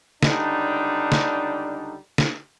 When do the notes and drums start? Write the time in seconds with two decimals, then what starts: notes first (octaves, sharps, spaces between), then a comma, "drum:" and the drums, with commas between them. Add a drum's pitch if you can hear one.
0.23 C#2 D3 G3 D4 D#4, drum: snare
1.12 drum: snare
2.18 drum: snare